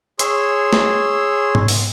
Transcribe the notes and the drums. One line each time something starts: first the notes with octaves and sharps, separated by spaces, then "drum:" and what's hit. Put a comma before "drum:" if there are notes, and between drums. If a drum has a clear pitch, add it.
G#4 C#5 C6 E6, drum: hi-hat
drum: snare
drum: tom G#2
drum: open hi-hat